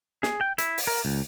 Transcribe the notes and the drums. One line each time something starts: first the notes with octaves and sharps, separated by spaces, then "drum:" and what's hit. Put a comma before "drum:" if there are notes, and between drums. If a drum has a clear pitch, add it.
G#4, drum: snare
G5
E4, drum: hi-hat
drum: open hi-hat
A#4
C#2